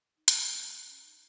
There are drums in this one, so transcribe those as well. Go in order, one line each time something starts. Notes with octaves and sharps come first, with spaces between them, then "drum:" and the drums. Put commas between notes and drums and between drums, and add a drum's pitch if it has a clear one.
D#4
C#4, drum: hi-hat
C4
A#3
D#4
C#4
D#4